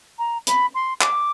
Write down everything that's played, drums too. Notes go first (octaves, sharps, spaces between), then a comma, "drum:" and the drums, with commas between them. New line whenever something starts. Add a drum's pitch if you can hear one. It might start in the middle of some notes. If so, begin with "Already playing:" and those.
A#5
B5, drum: hi-hat
C6
D6, drum: clap